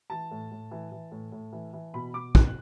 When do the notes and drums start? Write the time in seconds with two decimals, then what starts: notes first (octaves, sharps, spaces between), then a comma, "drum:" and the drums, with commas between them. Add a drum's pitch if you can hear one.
0.10 E3 A5
0.31 A2
0.51 A2
0.71 E3
0.92 E3
1.12 A2
1.32 A2
1.52 E3
1.73 E3
1.94 B2 B5
2.14 B2 D6
2.35 B2 F#6, drum: kick